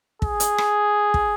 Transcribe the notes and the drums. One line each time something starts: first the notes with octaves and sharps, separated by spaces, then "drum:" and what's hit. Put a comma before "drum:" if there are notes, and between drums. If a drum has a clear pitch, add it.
G#4, drum: kick
drum: hi-hat
drum: rim click
drum: kick